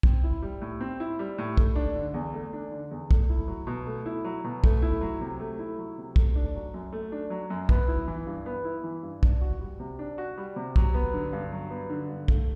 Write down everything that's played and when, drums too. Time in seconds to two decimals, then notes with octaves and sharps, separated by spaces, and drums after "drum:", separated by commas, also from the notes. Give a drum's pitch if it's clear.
0.03 C4, drum: kick
0.24 E4
0.42 G3
0.62 A2
0.81 C4
1.00 E4
1.19 G3
1.38 A2
1.57 A3, drum: kick
1.75 D4
1.96 D3
2.14 E2
2.34 A3
2.53 D4
2.72 D3
2.91 E2
3.11 A3, drum: kick
3.29 E4
3.48 F#3
3.67 B2
3.86 A3
4.06 E4
4.24 F#3
4.44 B2
4.64 A3, drum: kick
4.82 E4
5.01 F#3
5.21 C3
5.40 A3
5.59 E4
5.78 F#3
5.98 C3
6.16 A3, drum: kick
6.35 D4
6.55 F#3
6.74 F#2
6.93 A3
7.12 D4
7.30 F#3
7.50 F#2
7.69 B3, drum: kick
7.88 E4
8.08 E3
8.27 G2
8.46 B3
8.65 E4
8.84 E3
9.03 G2
9.23 D4, drum: kick
9.41 F#4
9.60 G3
9.79 C3
9.99 D4
10.18 F#4
10.37 G3
10.56 C3
10.76 F#3, drum: kick
10.94 B3
11.14 D3
11.33 G2
11.52 F#3
11.70 B3
11.90 D3
12.09 G2
12.28 A3, drum: kick